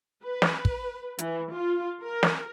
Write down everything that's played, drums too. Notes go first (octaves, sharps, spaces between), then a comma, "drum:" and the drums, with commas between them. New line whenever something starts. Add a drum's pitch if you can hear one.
B4
drum: snare
drum: kick
E3, drum: hi-hat
F4
A#4
drum: snare